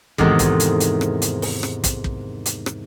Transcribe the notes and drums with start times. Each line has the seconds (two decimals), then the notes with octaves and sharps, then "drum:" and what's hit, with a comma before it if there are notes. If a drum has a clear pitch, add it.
0.18 E2 G#2 C3 D#3 G#3 A3, drum: kick
0.39 drum: kick, hi-hat
0.60 drum: hi-hat
0.80 drum: hi-hat
1.01 drum: rim click
1.22 drum: hi-hat
1.42 drum: open hi-hat
1.63 drum: rim click
1.84 drum: kick, hi-hat
2.04 drum: kick
2.46 drum: hi-hat
2.66 drum: rim click